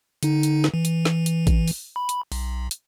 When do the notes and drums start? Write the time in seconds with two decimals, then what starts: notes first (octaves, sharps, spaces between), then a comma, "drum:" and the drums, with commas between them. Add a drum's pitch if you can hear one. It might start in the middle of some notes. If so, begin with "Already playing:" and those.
0.23 D3 D#4, drum: hi-hat
0.43 drum: hi-hat
0.64 drum: snare
0.74 E3
0.85 drum: hi-hat
1.05 drum: snare
1.26 drum: hi-hat
1.47 drum: kick A1, hi-hat
1.68 drum: open hi-hat
1.96 B5
2.09 drum: hi-hat
2.32 B1, drum: open hi-hat
2.71 drum: hi-hat